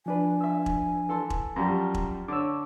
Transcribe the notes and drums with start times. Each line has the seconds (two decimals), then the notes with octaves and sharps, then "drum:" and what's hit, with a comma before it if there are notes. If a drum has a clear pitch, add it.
0.06 F3 D4 B4 G#5
0.41 E5 E6
0.66 drum: kick E1
1.09 E3 A4 C6
1.30 drum: kick E1
1.56 F#2 F3 G3 A#5
1.95 drum: kick E1
2.28 D3 C#5 D6 E6